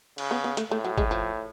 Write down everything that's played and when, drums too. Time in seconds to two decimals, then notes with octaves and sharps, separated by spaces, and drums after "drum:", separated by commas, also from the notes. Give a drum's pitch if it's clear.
0.18 C#3, drum: cymbal
0.31 B3
0.44 B3
0.57 A3, drum: hi-hat
0.71 A2 A3
0.85 F#3
0.98 G#3, drum: kick G#1
1.11 F3